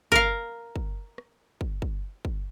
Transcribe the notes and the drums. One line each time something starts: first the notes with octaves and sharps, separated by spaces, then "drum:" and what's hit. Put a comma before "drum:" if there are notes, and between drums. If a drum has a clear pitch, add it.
A#4 F5, drum: kick
drum: kick
drum: rim click
drum: kick
drum: kick
drum: kick